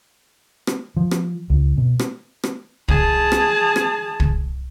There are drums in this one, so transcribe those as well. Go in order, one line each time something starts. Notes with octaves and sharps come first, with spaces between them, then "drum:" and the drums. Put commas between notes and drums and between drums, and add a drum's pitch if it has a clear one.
drum: rim click
F3
drum: rim click
C#2
B2
drum: rim click
drum: rim click
G#4 A5, drum: kick
drum: rim click
drum: rim click
drum: kick